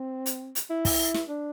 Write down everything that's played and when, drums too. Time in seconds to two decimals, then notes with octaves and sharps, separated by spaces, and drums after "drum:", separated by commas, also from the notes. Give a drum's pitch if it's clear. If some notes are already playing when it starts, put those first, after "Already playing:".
Already playing: C4
0.26 drum: hi-hat
0.55 drum: hi-hat
0.70 E4
0.85 drum: kick, open hi-hat
1.14 drum: snare
1.29 D4